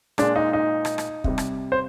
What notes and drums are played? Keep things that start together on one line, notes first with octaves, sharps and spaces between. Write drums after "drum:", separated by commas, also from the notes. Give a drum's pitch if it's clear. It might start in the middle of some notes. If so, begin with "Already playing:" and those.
A#2 G#3 D4, drum: rim click
D#4
D#4
drum: rim click
drum: rim click
C3 G3, drum: kick
drum: rim click
C5